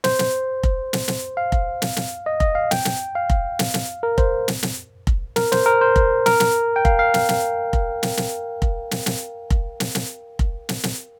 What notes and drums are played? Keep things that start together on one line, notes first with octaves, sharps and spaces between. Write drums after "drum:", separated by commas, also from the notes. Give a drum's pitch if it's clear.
C5, drum: snare
drum: snare
drum: kick F1
drum: snare
drum: snare
F5
drum: kick F1
drum: snare
drum: snare
D#5
D#5, drum: kick F1
F5
G5, drum: snare
drum: snare
F5
drum: kick F1
drum: snare
drum: snare
A#4
C5, drum: kick F1
drum: snare
drum: snare
drum: kick F1
A#4, drum: snare
C5, drum: snare
A#4
C5
drum: kick F1
A#4, drum: snare
drum: snare
G5
F5, drum: kick F1
F5
drum: snare
drum: snare
drum: kick F1
drum: snare
drum: snare
drum: kick F1
drum: snare
drum: snare
drum: kick F1
drum: snare
drum: snare
drum: kick F1
drum: snare
drum: snare